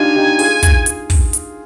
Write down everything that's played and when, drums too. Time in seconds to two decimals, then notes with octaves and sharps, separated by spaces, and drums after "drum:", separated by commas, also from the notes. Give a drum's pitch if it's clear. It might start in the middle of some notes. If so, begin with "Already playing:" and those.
Already playing: D4 D#4 F4 G4 G#5
0.15 D#4 G4
0.39 F4 G#4, drum: open hi-hat
0.63 drum: kick, hi-hat
0.86 drum: hi-hat
1.10 drum: kick, open hi-hat
1.33 drum: hi-hat